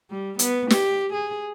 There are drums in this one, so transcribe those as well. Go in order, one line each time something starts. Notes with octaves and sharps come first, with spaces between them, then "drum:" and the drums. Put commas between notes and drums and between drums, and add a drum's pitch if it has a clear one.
G3
B3, drum: hi-hat
G4, drum: snare
G#4